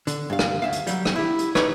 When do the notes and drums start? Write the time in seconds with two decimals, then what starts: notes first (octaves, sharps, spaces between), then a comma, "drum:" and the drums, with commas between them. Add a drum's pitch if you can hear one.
0.07 D3, drum: hi-hat
0.30 G2 F5
0.39 drum: rim click
0.62 D2 E5 F5
0.72 drum: hi-hat
0.87 F#3 G3, drum: hi-hat
1.05 drum: rim click
1.16 E4 G4
1.39 drum: hi-hat
1.55 D#4 G4 B4 C#5, drum: rim click